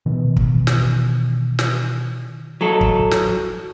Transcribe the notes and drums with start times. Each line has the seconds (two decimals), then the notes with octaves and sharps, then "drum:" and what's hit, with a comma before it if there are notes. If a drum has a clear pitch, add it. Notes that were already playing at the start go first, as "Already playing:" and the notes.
0.06 B2 D#3 E3
0.36 drum: kick
0.67 drum: snare
1.59 drum: snare
2.61 F#3 A4
2.81 drum: kick
3.11 drum: snare